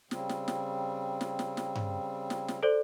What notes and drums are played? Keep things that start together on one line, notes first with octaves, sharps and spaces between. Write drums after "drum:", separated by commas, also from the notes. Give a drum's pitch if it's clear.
C#3 G3 C4, drum: snare
drum: snare
drum: snare
drum: snare
drum: snare
drum: snare
drum: tom G2
drum: snare
drum: snare
A4 C5 D5